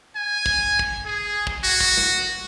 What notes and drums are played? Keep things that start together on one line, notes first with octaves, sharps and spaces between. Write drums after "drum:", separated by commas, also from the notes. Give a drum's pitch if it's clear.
G#5
drum: kick
drum: kick
G#4
drum: kick
F#4
drum: kick
drum: snare